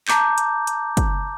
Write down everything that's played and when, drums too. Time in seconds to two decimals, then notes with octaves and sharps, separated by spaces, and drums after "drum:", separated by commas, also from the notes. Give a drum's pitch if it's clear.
0.08 A5 A#5 D6 G6, drum: clap
0.38 drum: hi-hat
0.67 drum: hi-hat
0.97 drum: kick, hi-hat